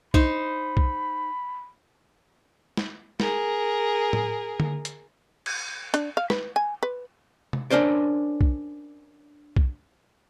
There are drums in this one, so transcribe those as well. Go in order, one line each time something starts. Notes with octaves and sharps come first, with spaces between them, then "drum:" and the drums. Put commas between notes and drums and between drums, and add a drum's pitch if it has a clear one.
D#4 C5 B5, drum: kick B1
drum: kick B1
drum: snare
G#4 A#4, drum: snare
drum: tom A2
drum: tom D3
drum: hi-hat
drum: cymbal
D4, drum: hi-hat
F5
B4, drum: snare
G#5
B4
drum: tom C3
C#4 D4 A#4 C5 D5
drum: kick B1
drum: kick B1